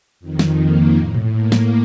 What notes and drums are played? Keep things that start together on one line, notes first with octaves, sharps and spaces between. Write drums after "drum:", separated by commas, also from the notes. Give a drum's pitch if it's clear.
F2 D#3
drum: snare
A#3
A2
drum: tom A#2
A#3
drum: snare